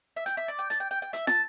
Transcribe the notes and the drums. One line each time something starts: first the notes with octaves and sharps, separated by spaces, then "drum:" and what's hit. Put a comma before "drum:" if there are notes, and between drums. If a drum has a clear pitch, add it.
E5
G5, drum: hi-hat
E5
D5
G5
A5, drum: hi-hat
G5
G5
G5
E5, drum: hi-hat
A5, drum: snare